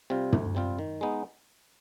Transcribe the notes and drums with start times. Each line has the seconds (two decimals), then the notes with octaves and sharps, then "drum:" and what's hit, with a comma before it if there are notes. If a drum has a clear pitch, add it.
0.10 C3 G3 C4 F4
0.33 D2, drum: tom
0.55 C3 G3 C4 F4
0.79 D#3
1.01 G#3 B3 D#4